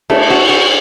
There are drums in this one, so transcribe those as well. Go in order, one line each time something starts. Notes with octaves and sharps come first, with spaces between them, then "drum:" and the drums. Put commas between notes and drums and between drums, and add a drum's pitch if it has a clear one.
A3, drum: cymbal
F#4
F#4